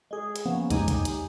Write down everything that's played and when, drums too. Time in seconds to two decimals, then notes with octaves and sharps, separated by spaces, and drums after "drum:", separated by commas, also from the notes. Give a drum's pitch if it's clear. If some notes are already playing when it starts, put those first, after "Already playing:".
0.11 G#3 G#4
0.36 drum: hi-hat
0.46 F3 A#3 B3 C#4
0.70 G#3 D#4 G4 G#5, drum: kick, hi-hat
0.88 drum: kick, hi-hat
1.05 drum: hi-hat